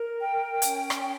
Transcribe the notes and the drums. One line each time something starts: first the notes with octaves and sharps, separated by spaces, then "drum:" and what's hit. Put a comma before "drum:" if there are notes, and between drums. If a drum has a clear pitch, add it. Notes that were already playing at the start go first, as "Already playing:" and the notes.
Already playing: A#4
G5
C#4, drum: hi-hat
drum: rim click